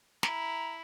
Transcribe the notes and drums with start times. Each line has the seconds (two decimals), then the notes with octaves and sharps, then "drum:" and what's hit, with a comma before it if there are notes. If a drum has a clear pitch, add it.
0.23 E4 A#5, drum: snare